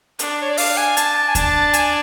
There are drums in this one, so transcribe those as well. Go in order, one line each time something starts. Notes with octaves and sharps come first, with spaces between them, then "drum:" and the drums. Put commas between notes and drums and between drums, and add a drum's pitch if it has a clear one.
D4, drum: hi-hat
C#5
D5
D4 F5, drum: open hi-hat
G#5
A5, drum: hi-hat
A5
G#5
D4 A5, drum: kick D#2, hi-hat
G#5, drum: hi-hat